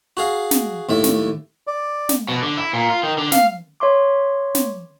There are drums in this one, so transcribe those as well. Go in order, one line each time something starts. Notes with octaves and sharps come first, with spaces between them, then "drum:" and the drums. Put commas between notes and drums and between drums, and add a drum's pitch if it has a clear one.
F#4 G#4 F5
drum: snare
D#2 A2 E5
drum: snare
D5
drum: snare
B2
D3
E4
A#2
F4
D#3
D3
F5, drum: snare
C#5 E5 C6 D6
drum: snare